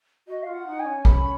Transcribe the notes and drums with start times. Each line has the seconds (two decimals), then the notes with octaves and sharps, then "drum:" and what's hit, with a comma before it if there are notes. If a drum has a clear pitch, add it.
0.28 F#4 D#5
0.43 F4 F5
0.53 F#5
0.67 D#4
0.80 G#5
0.85 C#4
1.05 B5, drum: kick